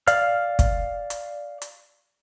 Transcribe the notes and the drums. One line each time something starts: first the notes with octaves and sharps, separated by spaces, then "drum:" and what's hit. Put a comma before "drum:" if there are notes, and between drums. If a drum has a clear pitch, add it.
D5 F5 F6, drum: hi-hat
drum: kick, hi-hat
drum: hi-hat
drum: hi-hat